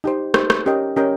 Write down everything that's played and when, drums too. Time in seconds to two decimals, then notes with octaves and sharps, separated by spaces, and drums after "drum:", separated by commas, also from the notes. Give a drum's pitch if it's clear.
0.04 D#4 G4 C5
0.34 D#4 G4 C5, drum: rim click
0.50 drum: rim click
0.66 C#4 G4 A#4 D#5 G5
0.96 C#4 G4 A#4 D#5 G5